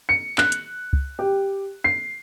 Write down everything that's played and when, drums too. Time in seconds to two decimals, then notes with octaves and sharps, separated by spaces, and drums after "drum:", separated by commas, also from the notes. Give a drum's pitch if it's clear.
0.09 C#7
0.38 F#6, drum: clap
0.52 drum: hi-hat
0.93 drum: kick
1.19 G4
1.84 C7